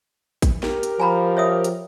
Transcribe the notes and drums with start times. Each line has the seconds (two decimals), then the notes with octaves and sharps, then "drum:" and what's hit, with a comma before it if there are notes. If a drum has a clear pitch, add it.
0.42 drum: kick, hi-hat
0.63 G4 A#4, drum: snare
0.83 drum: hi-hat
1.00 F3 G#5 A#5 B5
1.37 C#5 E5 D#6
1.64 drum: hi-hat